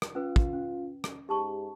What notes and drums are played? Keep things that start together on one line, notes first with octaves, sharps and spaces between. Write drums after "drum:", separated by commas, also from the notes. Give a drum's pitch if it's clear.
drum: rim click
C#4 F4 B4
drum: kick
C#4
drum: rim click
G#2 G4 A5 C#6